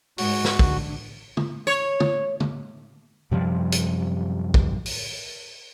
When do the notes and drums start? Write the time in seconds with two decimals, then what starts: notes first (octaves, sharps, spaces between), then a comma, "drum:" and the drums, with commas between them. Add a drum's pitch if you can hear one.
0.18 G#2 G#3 F#4, drum: open hi-hat
0.44 drum: snare
0.59 D3 D4, drum: kick
1.37 drum: tom
1.67 C#5
2.00 drum: tom
2.40 drum: tom
3.31 F#2 C3 F3 G3
3.72 drum: hi-hat
4.54 drum: kick
4.86 drum: open hi-hat